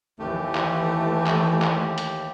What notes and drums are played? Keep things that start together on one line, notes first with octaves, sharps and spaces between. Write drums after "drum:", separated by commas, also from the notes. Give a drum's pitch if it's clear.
D#2 E3 A3 G4
drum: clap
drum: clap
drum: clap
drum: hi-hat